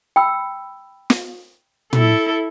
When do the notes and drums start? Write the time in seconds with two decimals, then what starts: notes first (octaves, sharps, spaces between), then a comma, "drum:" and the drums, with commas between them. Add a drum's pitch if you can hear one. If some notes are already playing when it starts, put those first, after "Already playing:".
0.16 G5 B5 E6
1.10 drum: snare
1.93 E4 A4, drum: tom